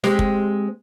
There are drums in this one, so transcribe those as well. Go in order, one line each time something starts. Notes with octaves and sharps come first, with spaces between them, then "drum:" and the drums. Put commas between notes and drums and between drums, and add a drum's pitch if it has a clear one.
G#3 C4 G4, drum: snare
drum: kick